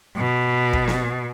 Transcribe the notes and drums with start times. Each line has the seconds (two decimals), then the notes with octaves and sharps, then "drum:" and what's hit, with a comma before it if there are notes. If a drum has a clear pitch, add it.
0.17 B2
0.73 drum: kick
0.88 drum: snare